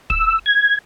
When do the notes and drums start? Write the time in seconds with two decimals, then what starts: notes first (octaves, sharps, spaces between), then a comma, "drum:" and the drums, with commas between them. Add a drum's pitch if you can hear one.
0.10 E6, drum: kick
0.46 G#6